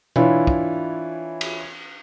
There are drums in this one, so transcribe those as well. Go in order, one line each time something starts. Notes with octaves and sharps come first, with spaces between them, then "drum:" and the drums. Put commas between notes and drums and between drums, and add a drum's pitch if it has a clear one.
E3 D4 E4 F4 C#5, drum: tom B2
drum: kick
drum: cymbal